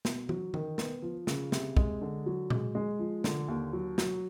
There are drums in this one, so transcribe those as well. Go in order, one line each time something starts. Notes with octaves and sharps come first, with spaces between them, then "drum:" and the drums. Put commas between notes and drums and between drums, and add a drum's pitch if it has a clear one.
B2, drum: snare
F#3, drum: tom E3
D#3, drum: tom E3
B3, drum: snare
F3
C#3, drum: snare
C3, drum: snare
G#3, drum: kick
D3
F#3
G#3, drum: tom A#2
G#3
F3
D3, drum: snare
D#2
F#3
F#3, drum: snare